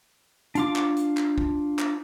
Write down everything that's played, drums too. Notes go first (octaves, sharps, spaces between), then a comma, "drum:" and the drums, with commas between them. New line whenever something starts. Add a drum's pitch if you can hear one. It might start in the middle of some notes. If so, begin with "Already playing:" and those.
D4 F4 D6, drum: hi-hat
drum: clap
drum: hi-hat
drum: clap
drum: kick
drum: clap